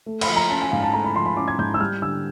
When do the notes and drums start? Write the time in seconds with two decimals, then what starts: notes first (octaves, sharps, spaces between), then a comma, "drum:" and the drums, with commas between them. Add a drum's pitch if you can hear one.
0.06 A3
0.21 B5, drum: cymbal
0.29 F3
0.36 A#5
0.50 C#4 A5
0.61 G#5
0.72 G#2 F5
0.83 A5
0.93 A3 A#5
1.04 B5
1.15 F3 C6
1.26 B5
1.37 C#4 D6
1.48 G#6
1.58 G#2 G6
1.74 E6
1.80 G3 F6
2.02 D3 E6